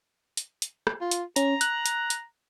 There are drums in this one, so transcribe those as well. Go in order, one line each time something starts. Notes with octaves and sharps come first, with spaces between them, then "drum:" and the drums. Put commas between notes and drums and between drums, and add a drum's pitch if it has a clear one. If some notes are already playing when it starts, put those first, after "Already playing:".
drum: hi-hat
drum: hi-hat
drum: rim click
F4
drum: hi-hat
C#4 A#5, drum: hi-hat
F#6, drum: hi-hat
drum: hi-hat
drum: hi-hat